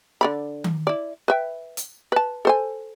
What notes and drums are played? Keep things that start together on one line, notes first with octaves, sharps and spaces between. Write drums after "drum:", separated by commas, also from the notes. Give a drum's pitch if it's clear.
D3 D5 B5
drum: tom D#3
E4 D5
B4 E5 G5
drum: hi-hat
B4 A5
A4 C5 G#5